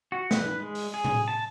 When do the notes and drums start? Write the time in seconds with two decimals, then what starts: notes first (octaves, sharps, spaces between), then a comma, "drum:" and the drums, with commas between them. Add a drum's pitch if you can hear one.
0.12 F#4
0.31 B4, drum: snare
0.46 drum: tom G3
0.60 G#3
0.75 drum: open hi-hat
0.94 G#4
1.05 drum: tom A2
1.28 A5